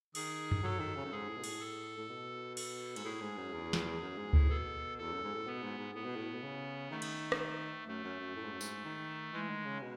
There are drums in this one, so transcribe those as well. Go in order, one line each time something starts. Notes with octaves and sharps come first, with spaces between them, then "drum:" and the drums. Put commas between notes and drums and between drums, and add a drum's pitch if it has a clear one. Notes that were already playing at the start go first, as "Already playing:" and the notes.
D#3 G#4, drum: cymbal
drum: tom F#2
F#3 A4
D#3
C#3
F#2
G#2 G#4
A2
B2
A2, drum: cymbal
A4
A2
B2
A4, drum: cymbal
G#2, drum: cymbal
A2 G#4
G#2
F#2
E2
drum: snare
F#2
G#2
A2, drum: kick D2
B2 A4
E2 A4
F#2
G#2
A2
B2 B3
G#2
G#2
A2 B3
B2
A2
B2
C#3
D#3 A3
drum: cymbal
drum: rim click
F#2 A3
F#2
F#2
A2
G#2
F#2
G#2, drum: tambourine
D#3
E3 G#3
D#3
C#3
B2